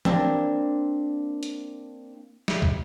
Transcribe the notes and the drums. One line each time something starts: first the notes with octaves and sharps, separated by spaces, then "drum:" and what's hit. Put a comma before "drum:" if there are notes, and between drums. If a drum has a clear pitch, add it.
A#3 C4 D4, drum: tom E3
drum: hi-hat
drum: snare
drum: kick